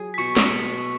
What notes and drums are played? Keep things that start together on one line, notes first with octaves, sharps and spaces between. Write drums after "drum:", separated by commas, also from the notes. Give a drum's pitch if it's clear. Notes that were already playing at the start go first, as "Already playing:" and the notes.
Already playing: F#3 G#4
B6
B2 C#6 C#7
drum: snare